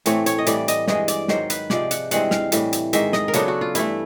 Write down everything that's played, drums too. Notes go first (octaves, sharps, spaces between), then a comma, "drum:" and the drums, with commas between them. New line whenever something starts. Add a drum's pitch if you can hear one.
A2 E3 A3 C4 C#5, drum: hi-hat
C#5, drum: hi-hat
D#5
A2 E3 G3 D5, drum: hi-hat
D#5, drum: hi-hat
G2 E3 G#3 D#5, drum: snare
D5, drum: hi-hat
G#2 D#3 F#3 C5, drum: snare
B4, drum: hi-hat
C3 F3 G#3 D5, drum: snare
F#5, drum: hi-hat
G2 E3 G#3 C4 F#5, drum: hi-hat
F5, drum: snare
A2 E3 G3, drum: hi-hat
drum: hi-hat
G#2 D#3 G#3 E5, drum: hi-hat
D#5, drum: snare
A#4
C#3 F#3 B3 D4 A4, drum: hi-hat
F#4
F4
G2 E3 A3 E4, drum: hi-hat